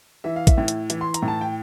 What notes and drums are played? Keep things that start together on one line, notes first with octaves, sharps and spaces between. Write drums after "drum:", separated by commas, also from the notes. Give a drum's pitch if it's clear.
E3 E5
F5
E5, drum: kick, hi-hat
A2
drum: hi-hat
E3, drum: hi-hat
C6
A#5, drum: hi-hat
A2
A5
G5